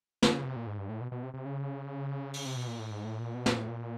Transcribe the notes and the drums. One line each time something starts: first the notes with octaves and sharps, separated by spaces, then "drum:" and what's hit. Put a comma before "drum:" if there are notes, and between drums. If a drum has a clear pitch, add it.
D3, drum: snare
C#3
C3
A#2
G#2
G2
A2
B2
B2
C3
C3
C#3
drum: open hi-hat
C3
B2
A#2
A2
G#2
A2
A#2
B2
A#2, drum: snare
A2
A#2